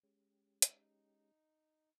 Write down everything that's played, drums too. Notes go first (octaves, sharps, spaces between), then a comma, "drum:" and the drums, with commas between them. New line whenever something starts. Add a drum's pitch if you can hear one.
G#3 C#4 G4
D#4, drum: hi-hat